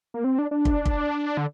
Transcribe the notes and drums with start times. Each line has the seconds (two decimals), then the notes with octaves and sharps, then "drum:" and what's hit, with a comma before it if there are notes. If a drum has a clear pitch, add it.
0.14 A#3
0.24 C4
0.39 D4
0.51 D4
0.65 drum: kick
0.86 drum: kick
1.37 D3